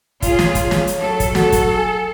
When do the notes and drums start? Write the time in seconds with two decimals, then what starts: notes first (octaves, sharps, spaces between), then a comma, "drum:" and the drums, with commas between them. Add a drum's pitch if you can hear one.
0.22 F4 G#4 C#5, drum: kick, hi-hat
0.39 drum: snare
0.55 drum: kick, hi-hat
0.71 drum: snare
0.87 drum: hi-hat
1.00 F#3 A4
1.20 drum: kick, hi-hat
1.35 F#4 A4, drum: snare
1.52 drum: kick, hi-hat
1.77 G#5